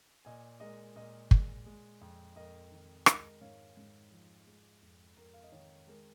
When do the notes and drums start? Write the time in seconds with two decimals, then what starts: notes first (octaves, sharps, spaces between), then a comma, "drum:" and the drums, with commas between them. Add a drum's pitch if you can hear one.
0.25 A#2 D#5 G#5
0.60 G#3 A#4 D#5
0.96 A#2 A#4 D#5
1.31 G#3, drum: kick
1.66 G#3
2.01 F2
2.36 F2 A#4 D#5
2.72 D#3
3.06 G#3 A#4 D#5, drum: rim click
3.41 G#2 C#5 F5
3.77 G#2
4.12 F3
4.47 G#3
4.83 F2
5.17 F2 A#4
5.33 F5
5.43 D#5
5.52 D#3 C#5
5.87 G#3 A#4